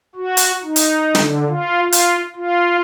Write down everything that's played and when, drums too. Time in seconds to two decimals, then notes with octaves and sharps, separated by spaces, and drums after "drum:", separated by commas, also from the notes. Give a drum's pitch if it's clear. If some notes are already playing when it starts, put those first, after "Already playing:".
0.15 F#4
0.37 drum: hi-hat
0.64 D#4
0.76 drum: hi-hat
1.15 D3, drum: snare
1.47 F4
1.83 F4
1.92 drum: hi-hat
2.36 F4